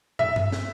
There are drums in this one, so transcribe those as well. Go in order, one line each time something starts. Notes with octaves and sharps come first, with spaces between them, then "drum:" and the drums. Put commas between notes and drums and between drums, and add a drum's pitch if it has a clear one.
E5, drum: tom
drum: tom G2
drum: snare